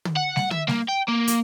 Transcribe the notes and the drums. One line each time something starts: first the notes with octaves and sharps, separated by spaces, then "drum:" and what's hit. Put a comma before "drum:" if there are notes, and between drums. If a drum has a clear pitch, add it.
drum: tom
F#5
drum: snare G3
E5, drum: tom
A#3, drum: snare G3
G5
A#3
drum: hi-hat